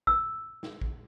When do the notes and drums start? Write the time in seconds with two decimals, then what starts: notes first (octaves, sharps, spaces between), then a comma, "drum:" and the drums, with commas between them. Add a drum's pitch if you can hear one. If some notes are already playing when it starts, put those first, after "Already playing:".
0.07 E6, drum: kick
0.63 drum: snare
0.81 drum: kick